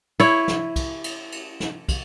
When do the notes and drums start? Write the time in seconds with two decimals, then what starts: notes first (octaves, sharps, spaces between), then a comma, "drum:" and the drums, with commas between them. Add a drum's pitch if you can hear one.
0.20 E4 C#5, drum: cymbal
0.48 drum: snare
0.76 drum: kick, cymbal
1.04 drum: cymbal
1.32 drum: cymbal
1.60 drum: snare
1.89 drum: kick, cymbal